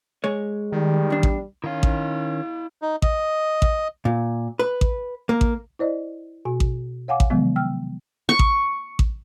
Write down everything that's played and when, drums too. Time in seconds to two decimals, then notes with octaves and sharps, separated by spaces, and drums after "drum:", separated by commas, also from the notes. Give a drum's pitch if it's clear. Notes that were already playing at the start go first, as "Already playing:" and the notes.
0.24 G#3 C#5
0.72 D#3 G3
1.10 E2 D4
1.23 drum: kick A1
1.64 D#3 C#4 E4 F5
1.83 drum: kick A1
2.82 D#4
3.02 D#5, drum: kick A1
3.62 drum: kick A1
4.05 A#2
4.59 B4
4.81 drum: kick A1
5.29 A#3
5.41 drum: kick A1
5.79 E4 C5 D5 D#5
6.45 B2 F#4 G#5
6.60 drum: kick A1
7.08 C#5 F5 F#5 G#5 D6
7.20 drum: kick A1
7.30 C3 D#3 F3 F#3 G#3 B3
7.56 G5 E6 F6
8.29 C#6
8.39 drum: kick A1
8.99 drum: kick A1